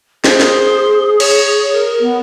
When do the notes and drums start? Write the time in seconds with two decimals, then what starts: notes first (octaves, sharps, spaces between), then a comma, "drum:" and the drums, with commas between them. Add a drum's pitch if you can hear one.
0.24 G#4 C5, drum: snare
0.40 drum: snare
1.20 C#5, drum: cymbal
1.73 A#4
2.00 B3